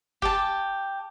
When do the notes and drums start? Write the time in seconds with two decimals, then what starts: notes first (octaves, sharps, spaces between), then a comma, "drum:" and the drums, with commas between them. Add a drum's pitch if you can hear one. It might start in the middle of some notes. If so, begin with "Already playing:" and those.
0.22 G4 A5, drum: kick F1